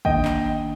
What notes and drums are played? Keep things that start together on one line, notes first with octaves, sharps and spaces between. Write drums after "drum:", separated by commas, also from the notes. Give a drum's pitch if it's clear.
D#3 A#3 D4 D#5 G5, drum: kick
drum: clap